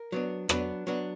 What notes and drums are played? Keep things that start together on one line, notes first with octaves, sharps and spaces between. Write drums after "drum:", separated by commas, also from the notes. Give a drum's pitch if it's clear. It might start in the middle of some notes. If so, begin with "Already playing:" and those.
Already playing: A#4
F#3 B3 D4
F#3 B3 D4 B4, drum: rim click
F#3 B3 D4